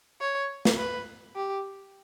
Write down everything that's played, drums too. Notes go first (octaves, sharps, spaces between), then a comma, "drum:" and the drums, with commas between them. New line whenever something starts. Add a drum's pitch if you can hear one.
C#5
drum: snare
B4
G4